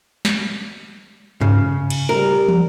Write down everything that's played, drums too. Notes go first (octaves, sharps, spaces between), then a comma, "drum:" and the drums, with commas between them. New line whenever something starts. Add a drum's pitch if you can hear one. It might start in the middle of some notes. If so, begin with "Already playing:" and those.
drum: snare
C#3, drum: tom G2
drum: cymbal
G3 A#4
drum: tom